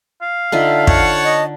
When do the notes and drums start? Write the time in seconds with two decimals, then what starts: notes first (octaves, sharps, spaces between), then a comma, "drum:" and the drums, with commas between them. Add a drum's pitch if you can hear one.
0.22 F5
0.52 D3 D#4 F4 E5
0.87 C#5 F#5 A5, drum: kick
1.24 D#5